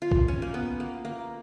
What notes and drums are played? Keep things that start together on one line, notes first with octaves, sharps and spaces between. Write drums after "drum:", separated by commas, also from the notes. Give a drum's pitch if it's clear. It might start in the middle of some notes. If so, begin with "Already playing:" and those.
F4
drum: kick A#1
C#4
A#3
B3
A#3
A#3